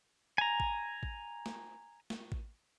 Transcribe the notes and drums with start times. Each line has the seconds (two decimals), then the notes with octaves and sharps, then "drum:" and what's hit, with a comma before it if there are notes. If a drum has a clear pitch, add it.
0.38 G#5 A#5
0.60 drum: kick A1
1.03 drum: kick A1
1.46 drum: snare
2.10 drum: snare
2.32 drum: kick A1